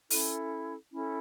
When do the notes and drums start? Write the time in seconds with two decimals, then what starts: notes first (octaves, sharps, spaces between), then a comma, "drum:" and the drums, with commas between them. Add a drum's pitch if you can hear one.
0.10 C#4 E4 A4, drum: open hi-hat
0.90 C#4 E4 A4